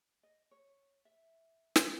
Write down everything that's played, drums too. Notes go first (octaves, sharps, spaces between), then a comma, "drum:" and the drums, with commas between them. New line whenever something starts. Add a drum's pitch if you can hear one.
D#5
C#5
E5
drum: snare